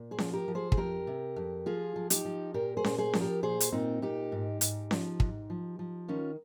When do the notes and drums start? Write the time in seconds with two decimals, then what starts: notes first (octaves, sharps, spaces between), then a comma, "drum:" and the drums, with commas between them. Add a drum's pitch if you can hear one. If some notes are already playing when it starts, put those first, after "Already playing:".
Already playing: A#2
0.11 G#4 C5
0.18 F3, drum: snare C#4
0.33 G4 A#4
0.48 F3
0.55 G#4 C5
0.72 G#4, drum: kick
0.77 F2 G4 A#4
1.07 C3
1.36 F2
1.66 F3 F4 G#4
1.96 F3
2.10 D#4 G4, drum: hi-hat
2.25 F3
2.54 A#2 G4 A#4
2.77 G#4 C5
2.84 A#2, drum: snare C#4
2.98 G#4 C5
3.13 F3, drum: snare C#4
3.21 G4 A#4
3.43 A#2 G#4 C5
3.60 drum: hi-hat
3.72 A#2 C4 D#4
4.02 A#2 D#4 G4
4.32 G#2
4.61 G#2, drum: hi-hat
4.91 F3, drum: snare C#4
5.20 G#2, drum: kick
5.50 F3
5.79 F3
6.08 D#3 C#4 F4